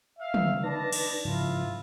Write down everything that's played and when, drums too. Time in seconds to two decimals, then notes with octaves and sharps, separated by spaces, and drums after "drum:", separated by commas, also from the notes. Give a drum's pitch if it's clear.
0.18 E5 F5
0.34 drum: tom
0.64 D4 D#4 B4 A5 A#6
0.93 drum: cymbal
1.25 G#2 C#3 F3 E4 F4